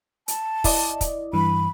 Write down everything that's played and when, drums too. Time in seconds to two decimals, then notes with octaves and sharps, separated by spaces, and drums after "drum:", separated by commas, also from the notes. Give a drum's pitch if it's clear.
0.28 A5, drum: hi-hat
0.64 E4 D5 D#5, drum: kick, open hi-hat
1.01 drum: kick, hi-hat
1.33 G2 E3 B5